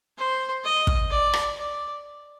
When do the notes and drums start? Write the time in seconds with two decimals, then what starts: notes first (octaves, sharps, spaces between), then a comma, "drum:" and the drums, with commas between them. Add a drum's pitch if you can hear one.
0.18 C5
0.64 D#5
0.87 drum: kick
1.10 D5
1.33 drum: rim click
1.56 D5